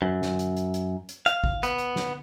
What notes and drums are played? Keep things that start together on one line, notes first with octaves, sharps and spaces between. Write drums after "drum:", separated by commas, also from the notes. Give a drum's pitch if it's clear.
F#2
drum: snare
drum: hi-hat
drum: hi-hat
drum: hi-hat
drum: hi-hat
F5, drum: hi-hat
drum: kick G#1
B3, drum: hi-hat
drum: hi-hat
drum: snare